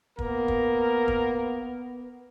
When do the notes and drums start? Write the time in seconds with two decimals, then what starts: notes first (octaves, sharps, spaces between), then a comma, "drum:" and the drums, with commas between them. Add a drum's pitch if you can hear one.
0.19 A#3 B3 A#4, drum: kick
0.48 drum: kick
1.08 drum: kick